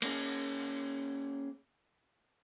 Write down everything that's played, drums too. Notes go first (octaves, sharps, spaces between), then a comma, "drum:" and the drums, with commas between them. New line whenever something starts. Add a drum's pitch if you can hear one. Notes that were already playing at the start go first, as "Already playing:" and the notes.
A#3 C#4 G#4, drum: cymbal